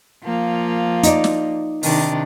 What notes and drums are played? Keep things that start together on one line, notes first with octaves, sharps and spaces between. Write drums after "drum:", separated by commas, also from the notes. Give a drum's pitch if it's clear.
F3 A#3
D#4 D5, drum: hi-hat
drum: snare
C3 D#3 D4, drum: open hi-hat